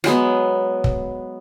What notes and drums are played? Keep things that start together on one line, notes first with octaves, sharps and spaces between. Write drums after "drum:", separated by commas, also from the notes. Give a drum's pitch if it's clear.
F#3 G#3 B3, drum: rim click
drum: kick